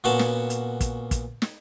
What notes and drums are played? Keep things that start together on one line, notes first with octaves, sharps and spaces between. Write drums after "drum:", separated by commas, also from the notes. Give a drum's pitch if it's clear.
A#2 B3 C#4 F#4 F#5 A5
drum: snare
drum: hi-hat
drum: kick, hi-hat
drum: kick, hi-hat
drum: snare